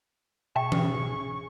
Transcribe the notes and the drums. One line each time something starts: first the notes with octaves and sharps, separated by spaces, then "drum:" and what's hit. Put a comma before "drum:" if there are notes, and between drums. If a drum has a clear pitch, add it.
B2 G#4 E5 G5 A5 C#6
drum: tom E3